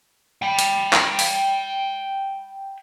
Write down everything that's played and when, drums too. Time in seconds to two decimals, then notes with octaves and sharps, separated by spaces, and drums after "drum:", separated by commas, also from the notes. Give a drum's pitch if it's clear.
0.42 G5 B5
0.59 drum: hi-hat
0.93 drum: clap
1.19 drum: open hi-hat